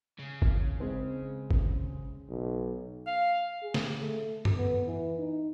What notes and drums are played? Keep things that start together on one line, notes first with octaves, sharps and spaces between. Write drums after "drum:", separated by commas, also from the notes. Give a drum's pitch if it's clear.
C#3
drum: kick
G#3 C4
drum: kick
B1
F5
G#4
drum: snare
A3
drum: tom F#2
B3
E3
D#4